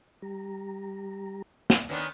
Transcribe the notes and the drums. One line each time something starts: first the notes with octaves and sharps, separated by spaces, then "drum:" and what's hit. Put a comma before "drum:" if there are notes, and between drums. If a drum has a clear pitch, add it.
G3 G4 A#5
drum: snare
D#3 B3 D4 C#5 G#5 C6